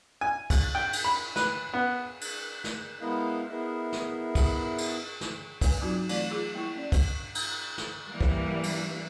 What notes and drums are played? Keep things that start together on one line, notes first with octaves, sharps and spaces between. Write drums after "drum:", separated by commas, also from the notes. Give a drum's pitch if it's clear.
G#5
drum: kick, cymbal
G5
drum: cymbal
B5
B4, drum: snare
B3
drum: cymbal
drum: snare
G#3 B3 E4 A#4 D#5 F5
B3 E4 G#4 A#4 D#5 E5
drum: snare
drum: kick, cymbal
drum: cymbal
drum: snare
B4 G#5, drum: kick, cymbal
F#3 C4 D#4 F4 F#4
E3 A3 C4 F4 D5, drum: cymbal
F4 G#4
G3 A#3 E4 C#6
C#4 D5
drum: kick, cymbal
drum: cymbal
drum: snare
E3 G3 A#3
drum: kick
drum: cymbal